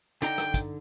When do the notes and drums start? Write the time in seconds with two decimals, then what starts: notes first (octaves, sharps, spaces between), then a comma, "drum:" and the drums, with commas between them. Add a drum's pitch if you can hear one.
0.22 D3 D#4 G5 A#5, drum: hi-hat
0.38 drum: rim click
0.54 drum: kick, hi-hat